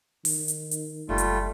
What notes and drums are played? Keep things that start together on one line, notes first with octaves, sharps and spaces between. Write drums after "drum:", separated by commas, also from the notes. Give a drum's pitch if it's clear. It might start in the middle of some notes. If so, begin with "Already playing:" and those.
D#3, drum: open hi-hat
drum: hi-hat
drum: hi-hat
F#1 G3 A3 F4
drum: hi-hat